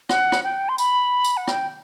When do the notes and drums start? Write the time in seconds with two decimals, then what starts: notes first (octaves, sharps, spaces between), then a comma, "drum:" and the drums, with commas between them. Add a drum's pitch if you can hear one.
0.09 F#5, drum: rim click
0.32 drum: rim click
0.44 G5
0.69 C6
0.78 B5, drum: tambourine
1.24 drum: tambourine
1.37 F#5
1.48 G5, drum: rim click